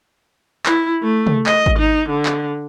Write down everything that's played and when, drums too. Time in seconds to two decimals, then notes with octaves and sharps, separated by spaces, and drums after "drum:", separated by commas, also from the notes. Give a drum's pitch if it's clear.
0.66 E4, drum: clap
1.03 A3
1.27 drum: tom C3
1.46 D#5, drum: clap
1.66 drum: kick G#1
1.79 D#4
2.09 D3
2.26 drum: clap